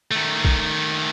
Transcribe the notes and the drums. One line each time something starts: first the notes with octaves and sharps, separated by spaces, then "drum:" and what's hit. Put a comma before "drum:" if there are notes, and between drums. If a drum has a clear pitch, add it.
D#3 A3
drum: kick